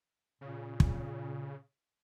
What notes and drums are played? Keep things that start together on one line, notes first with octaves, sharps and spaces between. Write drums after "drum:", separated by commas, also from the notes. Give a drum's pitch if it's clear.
A#2 C#3
drum: kick